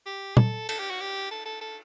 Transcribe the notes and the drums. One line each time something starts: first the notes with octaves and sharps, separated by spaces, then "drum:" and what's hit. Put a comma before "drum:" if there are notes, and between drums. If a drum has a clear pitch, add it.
G4
A4, drum: tom A#2
A4, drum: cymbal
G4
F#4
G4
A4
A4
A4